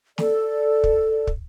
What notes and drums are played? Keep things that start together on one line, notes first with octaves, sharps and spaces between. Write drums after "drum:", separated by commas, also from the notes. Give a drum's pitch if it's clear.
A4 D5, drum: snare
drum: kick
drum: kick